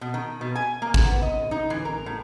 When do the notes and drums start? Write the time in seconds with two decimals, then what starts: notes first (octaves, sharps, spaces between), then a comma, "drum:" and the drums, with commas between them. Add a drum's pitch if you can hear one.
0.01 B2
0.14 D#3
0.41 B2
0.55 G#5
0.82 A#3
0.94 drum: kick
1.04 B3
1.22 D#5
1.51 D#4
1.70 E3
1.85 A#4
2.06 A2